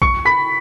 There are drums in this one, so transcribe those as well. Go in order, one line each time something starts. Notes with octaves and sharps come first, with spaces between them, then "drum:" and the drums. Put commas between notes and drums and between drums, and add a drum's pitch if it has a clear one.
C#6 C#7, drum: kick
B5 B6